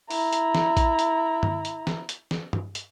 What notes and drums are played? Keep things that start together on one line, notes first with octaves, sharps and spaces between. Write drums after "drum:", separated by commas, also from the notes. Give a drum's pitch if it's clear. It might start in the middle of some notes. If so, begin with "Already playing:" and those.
E4 A#5, drum: open hi-hat
drum: hi-hat
drum: snare
drum: kick A1, hi-hat
drum: hi-hat
drum: tom G2
drum: hi-hat
drum: snare
drum: hi-hat
drum: snare
drum: tom
drum: hi-hat